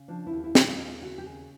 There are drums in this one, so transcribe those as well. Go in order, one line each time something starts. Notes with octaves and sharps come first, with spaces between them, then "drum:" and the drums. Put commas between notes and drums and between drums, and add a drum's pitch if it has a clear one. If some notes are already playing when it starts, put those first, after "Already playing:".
Already playing: C#3
F3 D4
E4
D#2
E4
D#2, drum: snare
F4
D#2 F4
C#3 F#4
G4
D#2 G#4